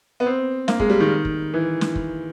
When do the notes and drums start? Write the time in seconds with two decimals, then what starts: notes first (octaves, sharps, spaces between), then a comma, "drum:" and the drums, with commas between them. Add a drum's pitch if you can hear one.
0.20 B3
0.26 C4
0.68 A#3, drum: snare
0.80 G#3, drum: kick
0.90 G3
1.00 D#3
1.25 drum: kick
1.54 E3
1.81 drum: snare
1.95 drum: kick